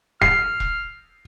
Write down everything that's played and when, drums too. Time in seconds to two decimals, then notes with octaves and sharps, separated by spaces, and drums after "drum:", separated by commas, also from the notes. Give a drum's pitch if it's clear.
0.22 F6 C7, drum: kick E1
0.60 drum: kick E1